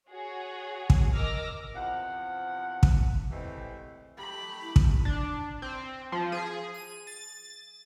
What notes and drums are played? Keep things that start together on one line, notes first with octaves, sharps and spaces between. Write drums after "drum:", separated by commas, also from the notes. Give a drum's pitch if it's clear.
F#4 G#4 C#5
drum: kick
A#4 D#5 D6 E6 F6 A#6
E2 C3 F3 F#5
drum: kick
A2 C3 E3 G#3 C4
A3 G4 B5
E4
drum: kick
D4
C4
F3
G#4
D#7
A6